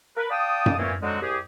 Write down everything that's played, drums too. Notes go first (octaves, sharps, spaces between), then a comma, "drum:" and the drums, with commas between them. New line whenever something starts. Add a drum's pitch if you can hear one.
A#4 B4
D5 F5 G5 A5 D#6
drum: tom F#2
A#2 E3 A#3 C4 C#4
D3 F#3 G#3 C4 D#4 F#4
C2 G4 G#4